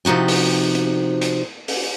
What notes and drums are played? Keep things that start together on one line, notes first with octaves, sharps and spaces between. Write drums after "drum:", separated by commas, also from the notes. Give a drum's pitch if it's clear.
C3 F3 D#4 F#4 G4
drum: open hi-hat
drum: hi-hat
drum: hi-hat
drum: open hi-hat